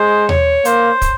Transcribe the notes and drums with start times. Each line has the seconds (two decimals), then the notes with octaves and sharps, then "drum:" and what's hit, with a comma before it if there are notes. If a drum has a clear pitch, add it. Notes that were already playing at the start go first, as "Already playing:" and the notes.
Already playing: G#3 C5
0.29 C#5, drum: tom D#2
0.65 A#3 C5, drum: hi-hat
1.02 drum: kick, hi-hat